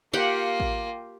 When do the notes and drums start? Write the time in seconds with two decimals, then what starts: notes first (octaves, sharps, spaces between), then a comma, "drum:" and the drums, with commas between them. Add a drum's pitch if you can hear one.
0.13 A#3 F4 G4 F#5 G5
0.60 drum: kick A1